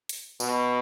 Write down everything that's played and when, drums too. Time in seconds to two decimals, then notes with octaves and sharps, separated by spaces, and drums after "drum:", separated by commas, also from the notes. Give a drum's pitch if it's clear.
0.09 drum: hi-hat
0.40 B2, drum: tambourine